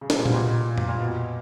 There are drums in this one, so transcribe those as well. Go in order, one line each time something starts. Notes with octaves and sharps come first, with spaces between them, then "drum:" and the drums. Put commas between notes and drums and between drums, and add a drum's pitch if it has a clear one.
C#3
C3, drum: snare
A#2
B2, drum: tom A#2
A#2
drum: tom F2
A#2
B2